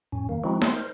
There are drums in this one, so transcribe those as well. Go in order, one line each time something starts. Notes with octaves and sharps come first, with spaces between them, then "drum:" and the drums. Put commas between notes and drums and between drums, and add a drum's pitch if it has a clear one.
F2 A2 C#4
D#3 A#3
F3 G#3 C4 D#4 E4 F#4
C5 C6, drum: snare D#4
A#4 C5